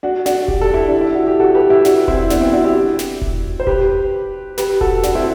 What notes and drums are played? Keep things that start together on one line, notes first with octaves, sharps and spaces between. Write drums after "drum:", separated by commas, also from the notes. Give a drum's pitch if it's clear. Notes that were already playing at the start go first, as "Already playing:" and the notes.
D4 F#4
D4 F#4, drum: snare
G4, drum: kick E1
A4
E4 G4
D4
E4
F#4
G4
F#4 A4
G4 B4
E4 G4
D4 F#4, drum: snare
C4 E4, drum: kick E1
B3 D4, drum: snare
C4 E4
D4 F#4
E4 G4
drum: snare
drum: kick E1
C5
G4 B4, drum: kick E1
G4 B4, drum: snare
F#4 A4, drum: kick E1
D4 F#4, drum: snare
C4 E4